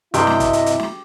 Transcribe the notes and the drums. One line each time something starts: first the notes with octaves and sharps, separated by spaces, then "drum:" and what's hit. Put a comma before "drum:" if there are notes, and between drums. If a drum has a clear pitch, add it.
G2 C3 E4 G4 D#5, drum: hi-hat
drum: snare
drum: kick, hi-hat
drum: hi-hat
drum: hi-hat
drum: snare